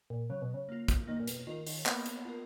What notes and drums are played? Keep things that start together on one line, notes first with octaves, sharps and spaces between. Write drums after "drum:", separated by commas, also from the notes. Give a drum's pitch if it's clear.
A#2
C#3 F#3
B2
C#3
A#3 F4
drum: kick, hi-hat
D#3 A#3
A#2
B2, drum: hi-hat
D#3 F4 A#4
D#3, drum: open hi-hat
A#3 B3, drum: clap
drum: hi-hat
F4 A#4